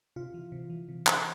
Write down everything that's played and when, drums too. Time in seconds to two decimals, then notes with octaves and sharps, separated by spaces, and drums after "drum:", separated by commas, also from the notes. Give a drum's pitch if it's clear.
0.16 C3 F4
0.34 E3
0.52 C3
0.70 E3
0.88 C3
1.07 E3, drum: clap